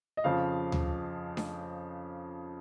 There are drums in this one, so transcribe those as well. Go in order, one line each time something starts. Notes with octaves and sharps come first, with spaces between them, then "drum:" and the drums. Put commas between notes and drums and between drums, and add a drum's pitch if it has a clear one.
D#5
F2 C#3 F3 F5
drum: tom D2
drum: snare D4